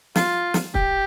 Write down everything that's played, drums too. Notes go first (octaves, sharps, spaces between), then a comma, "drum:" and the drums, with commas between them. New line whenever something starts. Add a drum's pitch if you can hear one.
F4, drum: snare
drum: snare
G4, drum: kick